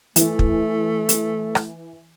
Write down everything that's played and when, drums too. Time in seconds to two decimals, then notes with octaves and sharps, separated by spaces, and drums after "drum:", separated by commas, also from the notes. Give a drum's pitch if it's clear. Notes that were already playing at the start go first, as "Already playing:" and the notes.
0.16 E3 A3, drum: hi-hat
0.39 drum: kick
1.09 drum: hi-hat
1.55 drum: rim click